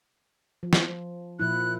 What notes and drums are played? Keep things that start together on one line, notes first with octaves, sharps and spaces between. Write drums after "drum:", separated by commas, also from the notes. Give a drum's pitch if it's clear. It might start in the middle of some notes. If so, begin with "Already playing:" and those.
F3
drum: snare
A#2 F3 E4 F#6